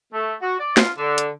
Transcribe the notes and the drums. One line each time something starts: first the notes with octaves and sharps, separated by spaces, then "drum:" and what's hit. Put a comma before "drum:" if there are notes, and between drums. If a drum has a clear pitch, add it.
A3
F#4
D5
F4, drum: snare
D3
drum: hi-hat